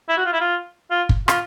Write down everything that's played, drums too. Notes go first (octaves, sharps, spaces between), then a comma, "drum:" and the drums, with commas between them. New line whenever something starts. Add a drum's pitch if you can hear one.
E4
F#4
F4
E4
F4
F4
drum: kick
F4, drum: rim click